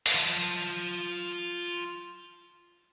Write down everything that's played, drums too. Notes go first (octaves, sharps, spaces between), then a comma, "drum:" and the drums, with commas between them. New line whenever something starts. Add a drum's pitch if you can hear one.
drum: open hi-hat
F4 A5